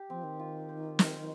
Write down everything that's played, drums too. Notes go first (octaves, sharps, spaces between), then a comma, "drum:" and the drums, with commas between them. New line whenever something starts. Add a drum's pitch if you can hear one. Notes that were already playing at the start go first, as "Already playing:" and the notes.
Already playing: G4
F3 C4
D#3
F4
C5
D#5, drum: snare